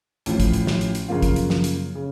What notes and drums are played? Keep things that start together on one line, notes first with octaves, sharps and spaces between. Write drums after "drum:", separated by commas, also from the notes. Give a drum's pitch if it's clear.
A1 A2 F3, drum: hi-hat
drum: kick, hi-hat
drum: hi-hat
drum: snare
drum: hi-hat
drum: hi-hat
F#2 C#3 F3 A#3 F4
drum: kick, hi-hat
drum: hi-hat
drum: snare
drum: hi-hat
C#3